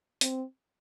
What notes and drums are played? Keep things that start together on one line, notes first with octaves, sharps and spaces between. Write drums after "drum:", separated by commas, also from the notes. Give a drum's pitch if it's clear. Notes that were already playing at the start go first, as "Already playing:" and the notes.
C4, drum: hi-hat